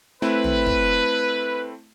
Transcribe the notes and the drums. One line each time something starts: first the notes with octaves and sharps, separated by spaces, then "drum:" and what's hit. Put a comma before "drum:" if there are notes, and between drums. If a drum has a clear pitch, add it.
A3 C4 E4 B4
drum: tom
drum: kick